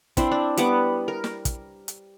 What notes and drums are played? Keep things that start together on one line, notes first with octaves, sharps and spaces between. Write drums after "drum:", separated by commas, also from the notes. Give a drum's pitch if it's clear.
C4 D4 E4 C5, drum: kick, hi-hat
D4
G3 B3 F#5 D6, drum: hi-hat
A#4
drum: snare
drum: kick, hi-hat
drum: hi-hat